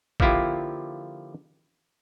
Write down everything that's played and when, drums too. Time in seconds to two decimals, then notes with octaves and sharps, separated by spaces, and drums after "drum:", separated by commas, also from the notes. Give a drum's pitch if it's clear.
0.20 D3 F3 A#3 E4 F4 G4, drum: kick